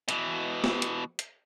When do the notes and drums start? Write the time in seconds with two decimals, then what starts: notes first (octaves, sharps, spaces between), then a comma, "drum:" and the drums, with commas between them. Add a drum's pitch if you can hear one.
0.09 B2 E3, drum: hi-hat
0.64 drum: snare
0.82 drum: hi-hat
1.19 drum: hi-hat